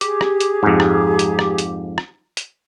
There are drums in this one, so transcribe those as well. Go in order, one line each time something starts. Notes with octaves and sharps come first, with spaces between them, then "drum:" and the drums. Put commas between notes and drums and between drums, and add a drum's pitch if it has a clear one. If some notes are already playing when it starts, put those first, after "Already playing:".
G4 G#4, drum: hi-hat
drum: rim click
drum: hi-hat
F2 G#2
drum: rim click
drum: hi-hat
drum: rim click
drum: hi-hat
drum: rim click
drum: hi-hat